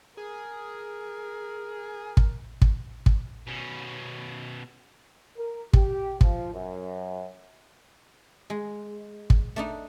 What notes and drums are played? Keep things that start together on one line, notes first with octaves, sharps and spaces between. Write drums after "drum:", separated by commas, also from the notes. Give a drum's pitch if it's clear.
G#4 A#4
drum: kick
drum: kick
drum: kick
B2 C#4
A#4
G4, drum: kick
F3, drum: kick
F#2
G#3
drum: kick
A3 D4 D#4